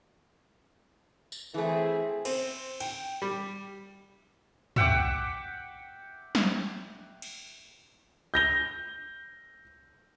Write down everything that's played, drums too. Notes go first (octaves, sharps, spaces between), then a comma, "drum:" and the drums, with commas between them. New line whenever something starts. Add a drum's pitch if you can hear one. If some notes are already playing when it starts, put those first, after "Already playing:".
drum: tambourine
E3 A3 C4 E4 G#4
C4, drum: cymbal
G5, drum: cymbal
G3
E5 F#5 G5 D6, drum: tom
drum: snare
drum: cymbal
G6 A#6 G7